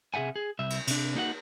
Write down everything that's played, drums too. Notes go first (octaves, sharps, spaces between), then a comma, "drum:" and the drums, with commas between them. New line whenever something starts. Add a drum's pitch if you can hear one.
C3 G#4 E5 F#5 G#5
G#4
C2 E5
drum: cymbal
C3 D4, drum: cymbal
A#3 D#4 F#4 F#5